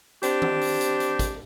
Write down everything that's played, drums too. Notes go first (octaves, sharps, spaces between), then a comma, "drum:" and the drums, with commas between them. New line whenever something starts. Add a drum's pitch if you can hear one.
C4 D4 G4, drum: hi-hat
drum: tom D#3
drum: open hi-hat
drum: hi-hat
drum: hi-hat
drum: kick, hi-hat